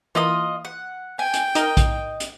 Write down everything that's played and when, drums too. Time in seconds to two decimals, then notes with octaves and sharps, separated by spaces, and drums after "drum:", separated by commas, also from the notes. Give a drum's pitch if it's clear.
0.15 E3 A#3 E4 F4 D#5 D#6
0.65 F#5
1.19 G5 G#5
1.34 drum: hi-hat
1.55 D#4 A#4 D#5, drum: hi-hat
1.77 drum: kick A#1, hi-hat
2.20 drum: hi-hat